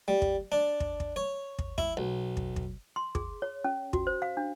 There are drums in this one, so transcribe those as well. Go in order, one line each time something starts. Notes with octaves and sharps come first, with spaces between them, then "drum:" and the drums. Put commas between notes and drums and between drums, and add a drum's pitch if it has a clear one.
G3
drum: kick
D4
drum: kick
drum: kick
C#5
drum: kick
E4, drum: kick
B1
drum: kick
drum: kick
C6
G#4, drum: kick
C#5
C#4
F#4, drum: kick
C5
F5
D4